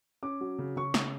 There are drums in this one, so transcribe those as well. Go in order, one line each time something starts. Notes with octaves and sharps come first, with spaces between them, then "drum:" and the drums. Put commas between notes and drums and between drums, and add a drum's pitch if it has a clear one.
C#4 D6
F#3
C#3
C#3 C#6
C#3, drum: snare